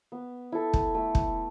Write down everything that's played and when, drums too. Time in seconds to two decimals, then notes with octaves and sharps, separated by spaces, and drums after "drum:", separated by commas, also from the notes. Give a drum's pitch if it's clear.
0.12 B3
0.52 E4 A4
0.74 drum: kick
0.95 A3
1.15 drum: kick